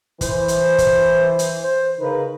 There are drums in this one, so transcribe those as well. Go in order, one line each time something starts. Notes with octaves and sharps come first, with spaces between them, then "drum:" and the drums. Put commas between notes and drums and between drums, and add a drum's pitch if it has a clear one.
E3 C5, drum: kick, hi-hat
drum: hi-hat
drum: kick, hi-hat
drum: hi-hat
C5
C#3 D#4 A#4 B4